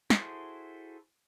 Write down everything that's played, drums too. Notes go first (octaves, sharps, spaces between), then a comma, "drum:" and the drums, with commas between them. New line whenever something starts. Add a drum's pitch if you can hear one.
E4 F#4 G#4 A4 C5, drum: snare